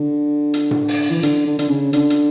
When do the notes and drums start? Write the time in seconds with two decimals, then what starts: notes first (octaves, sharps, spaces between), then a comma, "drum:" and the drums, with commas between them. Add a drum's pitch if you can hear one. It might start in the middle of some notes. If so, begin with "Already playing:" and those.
Already playing: D3
0.54 drum: hi-hat
0.71 drum: tom A2
0.88 drum: open hi-hat
1.10 E3
1.23 D3, drum: hi-hat
1.46 D3
1.59 D3, drum: hi-hat
1.69 C#3
1.93 D3, drum: hi-hat
2.10 drum: hi-hat